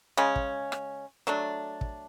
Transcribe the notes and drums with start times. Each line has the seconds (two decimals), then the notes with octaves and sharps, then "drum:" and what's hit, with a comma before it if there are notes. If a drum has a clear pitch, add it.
0.17 C#3 G#3 C#4
0.36 drum: kick
0.72 drum: rim click
1.27 F#3 A3 D4
1.81 drum: kick